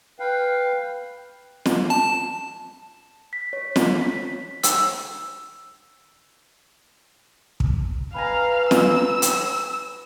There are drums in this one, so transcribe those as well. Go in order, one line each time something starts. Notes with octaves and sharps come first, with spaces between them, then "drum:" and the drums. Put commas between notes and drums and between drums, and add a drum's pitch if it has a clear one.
B4 F5 G5
drum: snare
A5
B6
C#5
C#5, drum: snare
B6
E6, drum: hi-hat
drum: kick
B4 F5 G#5 A#5
E6, drum: snare
drum: hi-hat